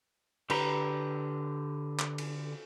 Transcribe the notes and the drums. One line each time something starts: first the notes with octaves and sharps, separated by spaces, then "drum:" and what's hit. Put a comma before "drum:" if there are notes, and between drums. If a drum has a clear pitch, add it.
D3 G4 B4 A#5, drum: cymbal
drum: clap
drum: cymbal